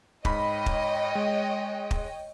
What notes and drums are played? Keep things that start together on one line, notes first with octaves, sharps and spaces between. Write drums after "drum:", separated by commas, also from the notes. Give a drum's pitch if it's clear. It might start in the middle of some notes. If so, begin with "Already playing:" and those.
G#2 C#5 D#5 G5 B5, drum: kick
drum: kick
G#3
drum: kick